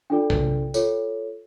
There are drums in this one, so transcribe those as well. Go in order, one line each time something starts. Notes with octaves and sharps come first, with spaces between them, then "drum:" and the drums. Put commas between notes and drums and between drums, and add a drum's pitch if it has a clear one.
D4 F4 A4 D5 G5
drum: tom
F4 A4 C#5, drum: tambourine